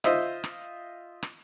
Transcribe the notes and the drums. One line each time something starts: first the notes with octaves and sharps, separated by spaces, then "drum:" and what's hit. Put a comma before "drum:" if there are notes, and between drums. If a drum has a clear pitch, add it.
F4 C5 D#5 E5, drum: rim click
drum: rim click
drum: rim click